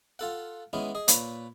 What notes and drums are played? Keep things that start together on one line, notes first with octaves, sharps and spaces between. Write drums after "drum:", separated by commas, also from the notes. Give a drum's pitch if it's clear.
F4 A4 F#5
E3 G#3 B3 C#4
G#4 D#5
A#2 B4 C#5, drum: hi-hat